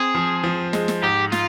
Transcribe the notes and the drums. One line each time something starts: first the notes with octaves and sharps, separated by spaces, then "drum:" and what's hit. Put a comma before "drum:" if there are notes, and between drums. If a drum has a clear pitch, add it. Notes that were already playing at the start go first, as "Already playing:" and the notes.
Already playing: C4 G#4
F3
F3
G#3, drum: snare
drum: snare
G#2 G4
F4, drum: snare